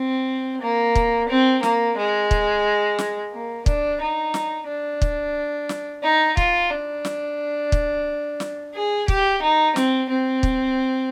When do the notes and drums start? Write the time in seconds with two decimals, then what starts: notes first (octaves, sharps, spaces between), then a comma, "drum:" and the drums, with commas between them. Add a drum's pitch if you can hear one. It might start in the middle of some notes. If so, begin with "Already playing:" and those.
Already playing: C4
0.61 A#3
0.95 drum: kick
1.29 C4
1.63 A#3, drum: snare
1.97 G#3
2.31 drum: kick
2.99 drum: snare
3.32 A#3
3.66 D4, drum: kick
4.00 D#4
4.34 drum: snare
4.67 D4
5.02 drum: kick
5.69 drum: snare
6.03 D#4
6.37 F4, drum: kick
6.71 D4
7.05 drum: snare
7.72 drum: kick
8.40 drum: snare
8.74 G#4
9.08 G4, drum: kick
9.42 D#4
9.76 C4, drum: snare
10.09 C4
10.43 drum: kick